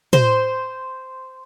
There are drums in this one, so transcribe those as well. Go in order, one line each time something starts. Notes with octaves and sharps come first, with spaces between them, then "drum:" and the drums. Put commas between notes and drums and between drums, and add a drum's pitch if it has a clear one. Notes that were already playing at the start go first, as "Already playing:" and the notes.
C5, drum: tom